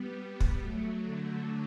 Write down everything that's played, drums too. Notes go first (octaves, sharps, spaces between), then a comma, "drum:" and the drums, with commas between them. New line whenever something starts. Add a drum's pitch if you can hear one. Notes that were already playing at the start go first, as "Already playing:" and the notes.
Already playing: G3 B3
G3 B3
drum: kick
F#3 A3
D3 F#3